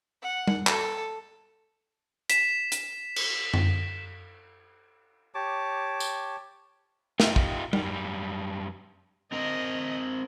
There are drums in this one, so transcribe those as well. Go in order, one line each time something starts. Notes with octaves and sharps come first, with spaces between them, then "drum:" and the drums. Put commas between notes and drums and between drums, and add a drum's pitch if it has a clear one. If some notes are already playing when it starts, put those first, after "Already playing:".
F#5
drum: tom G3
A4, drum: clap
B6 E7, drum: hi-hat
drum: hi-hat
drum: cymbal
drum: tom F#2
G4 C#5 A5 D6
drum: tambourine
D#4 F4 G4, drum: snare
drum: kick
F#2 G3, drum: tom G3
C4 A#4 D#5